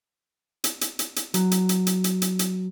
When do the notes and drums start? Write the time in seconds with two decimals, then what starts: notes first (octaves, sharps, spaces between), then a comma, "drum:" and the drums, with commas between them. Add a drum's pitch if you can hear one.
0.64 drum: hi-hat
0.81 drum: hi-hat
0.99 drum: hi-hat
1.16 drum: hi-hat
1.34 F#3, drum: hi-hat
1.51 drum: hi-hat
1.69 drum: hi-hat
1.87 drum: hi-hat
2.04 drum: hi-hat
2.22 drum: hi-hat
2.39 drum: hi-hat